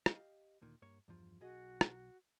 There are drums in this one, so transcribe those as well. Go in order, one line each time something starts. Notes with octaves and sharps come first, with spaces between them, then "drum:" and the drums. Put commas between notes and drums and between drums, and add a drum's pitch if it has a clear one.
G4 D#5 F5, drum: rim click
D2 A#2 D#3
G2 A#3 C#5
E2 G2 F3
B1 F#4 G#4 D#5
drum: rim click